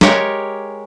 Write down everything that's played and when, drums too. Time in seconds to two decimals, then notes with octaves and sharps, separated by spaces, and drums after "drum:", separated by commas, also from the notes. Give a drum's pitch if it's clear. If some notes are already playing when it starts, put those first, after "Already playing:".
0.01 G#3 G4 A#4 C#5, drum: snare